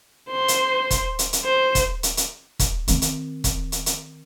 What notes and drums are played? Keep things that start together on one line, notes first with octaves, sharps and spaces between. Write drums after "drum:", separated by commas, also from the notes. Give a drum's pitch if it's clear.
C5 C6
drum: hi-hat
drum: kick E1, hi-hat
drum: hi-hat
drum: hi-hat
C5
drum: kick E1, hi-hat
drum: hi-hat
drum: hi-hat
drum: kick E1, hi-hat
D#3 C4, drum: hi-hat
drum: hi-hat
drum: kick E1, hi-hat
drum: hi-hat
drum: hi-hat